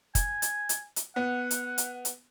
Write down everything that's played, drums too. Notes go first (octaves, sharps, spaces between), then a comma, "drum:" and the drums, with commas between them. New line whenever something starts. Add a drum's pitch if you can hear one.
G#5, drum: kick, hi-hat
drum: hi-hat
drum: hi-hat
drum: hi-hat
B3 F#5
drum: hi-hat
drum: hi-hat
drum: hi-hat